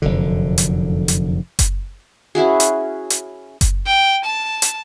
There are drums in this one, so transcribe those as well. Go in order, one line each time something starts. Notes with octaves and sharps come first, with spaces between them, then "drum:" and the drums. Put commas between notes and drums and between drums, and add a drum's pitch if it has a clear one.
F1 F#2 D3
drum: hi-hat
drum: hi-hat
drum: kick F#1, hi-hat
C#4 E4 F#4 G#4
drum: hi-hat
drum: hi-hat
drum: kick F#1, hi-hat
G5
A5
drum: hi-hat